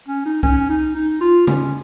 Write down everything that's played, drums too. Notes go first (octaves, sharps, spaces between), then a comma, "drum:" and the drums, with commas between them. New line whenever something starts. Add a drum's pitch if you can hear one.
C#4
D#4
C#4, drum: kick C2
D#4
D#4
F4
C#4, drum: tom C#3